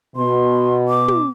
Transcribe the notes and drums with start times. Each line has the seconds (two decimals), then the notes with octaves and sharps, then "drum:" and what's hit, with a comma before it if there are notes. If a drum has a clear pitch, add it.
0.16 B2 C6
0.88 D6
1.08 drum: tom